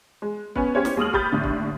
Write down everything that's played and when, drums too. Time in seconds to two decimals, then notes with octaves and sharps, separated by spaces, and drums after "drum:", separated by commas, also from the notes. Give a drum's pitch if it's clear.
0.22 G#3
0.56 B3 C#4 G#5, drum: kick
0.75 C#4 G4 C5 C#5
0.85 drum: snare
0.97 D#2 G#3 D#6 F6 F#7
1.13 G4 B5 D#6 G6 A6, drum: kick
1.32 D#2 A2 D3
1.44 drum: kick